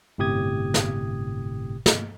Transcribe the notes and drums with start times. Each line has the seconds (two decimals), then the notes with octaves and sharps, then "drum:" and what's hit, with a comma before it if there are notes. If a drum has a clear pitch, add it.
0.18 G1 A2 C3 G4 D#6 G#6
0.74 drum: snare
1.86 drum: snare